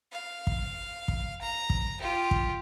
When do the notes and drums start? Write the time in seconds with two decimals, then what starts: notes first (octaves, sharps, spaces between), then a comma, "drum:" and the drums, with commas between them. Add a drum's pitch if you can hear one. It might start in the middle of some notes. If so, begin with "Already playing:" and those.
0.12 F5
0.47 drum: kick
1.08 drum: kick
1.41 A#5
1.70 drum: kick
2.00 F4 G4
2.31 drum: kick